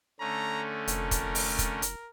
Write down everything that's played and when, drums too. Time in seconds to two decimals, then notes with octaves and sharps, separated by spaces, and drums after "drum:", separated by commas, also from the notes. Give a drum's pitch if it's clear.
0.20 D3 A3 C#4 A#5
0.88 F1 A#4, drum: hi-hat
1.11 drum: kick, hi-hat
1.35 drum: open hi-hat
1.59 drum: kick, hi-hat
1.82 drum: hi-hat